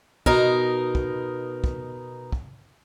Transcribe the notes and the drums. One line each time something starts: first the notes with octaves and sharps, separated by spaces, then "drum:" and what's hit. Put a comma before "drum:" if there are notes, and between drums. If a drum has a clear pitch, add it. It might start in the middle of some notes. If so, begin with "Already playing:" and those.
B2 D#4 A#4, drum: kick
drum: kick
drum: kick
drum: kick